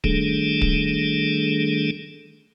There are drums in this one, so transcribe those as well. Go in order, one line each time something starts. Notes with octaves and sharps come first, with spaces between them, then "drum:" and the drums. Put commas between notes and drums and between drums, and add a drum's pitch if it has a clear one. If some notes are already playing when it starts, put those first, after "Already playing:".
D#3 G3 A3 D4 G#4 A4, drum: kick
drum: kick